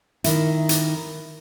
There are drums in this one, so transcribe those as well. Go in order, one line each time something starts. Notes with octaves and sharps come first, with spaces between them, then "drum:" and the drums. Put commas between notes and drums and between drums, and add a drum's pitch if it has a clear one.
D#3 E4, drum: hi-hat
drum: hi-hat